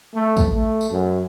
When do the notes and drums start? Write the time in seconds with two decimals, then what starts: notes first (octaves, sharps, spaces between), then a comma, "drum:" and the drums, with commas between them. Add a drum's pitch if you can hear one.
0.15 A3
0.37 drum: kick, tambourine
0.54 A3
0.81 drum: tambourine
0.91 F#2